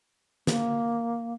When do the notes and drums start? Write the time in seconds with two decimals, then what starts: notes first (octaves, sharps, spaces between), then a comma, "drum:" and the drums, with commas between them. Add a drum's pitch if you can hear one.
0.47 A#3, drum: snare